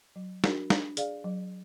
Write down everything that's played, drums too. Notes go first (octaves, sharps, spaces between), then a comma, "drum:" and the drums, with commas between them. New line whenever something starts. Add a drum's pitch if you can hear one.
F#3
D4 F#4 A#4, drum: snare
D4, drum: snare
G#4 D5 F5, drum: hi-hat
F#3